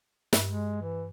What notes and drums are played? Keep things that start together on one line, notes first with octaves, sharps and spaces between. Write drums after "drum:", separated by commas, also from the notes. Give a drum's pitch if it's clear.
G2, drum: snare
G#3
E3